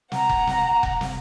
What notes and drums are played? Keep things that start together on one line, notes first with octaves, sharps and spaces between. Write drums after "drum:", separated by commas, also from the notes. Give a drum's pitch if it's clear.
F#5 A#5, drum: snare
drum: kick F1
drum: snare
drum: kick F1
drum: snare